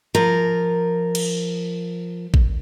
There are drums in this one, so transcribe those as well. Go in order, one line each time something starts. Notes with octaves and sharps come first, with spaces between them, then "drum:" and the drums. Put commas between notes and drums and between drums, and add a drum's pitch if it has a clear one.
F3 A#4
drum: cymbal
drum: kick A1